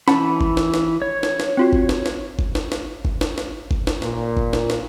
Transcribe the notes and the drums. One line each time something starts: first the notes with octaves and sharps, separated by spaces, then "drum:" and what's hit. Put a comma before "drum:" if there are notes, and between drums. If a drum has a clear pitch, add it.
E3 C#4 F#5 A5 B5, drum: snare
drum: kick G1
drum: snare
drum: snare
C#5
drum: snare
drum: snare
C4 F4 F#4
drum: kick G1
drum: snare
drum: snare
drum: kick G1
drum: snare
drum: snare
drum: kick G1
drum: snare
drum: snare
drum: kick G1
drum: snare
A#2, drum: snare
drum: kick G1
drum: snare
drum: snare